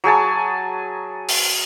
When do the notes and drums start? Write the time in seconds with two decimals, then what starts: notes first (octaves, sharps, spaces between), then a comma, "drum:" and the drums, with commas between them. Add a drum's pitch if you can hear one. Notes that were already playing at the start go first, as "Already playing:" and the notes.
0.04 F#3 G#4 G#5 A5
1.29 drum: open hi-hat